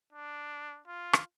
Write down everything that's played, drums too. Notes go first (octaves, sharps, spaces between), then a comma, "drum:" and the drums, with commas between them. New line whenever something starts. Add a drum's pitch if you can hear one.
D4
F4
drum: rim click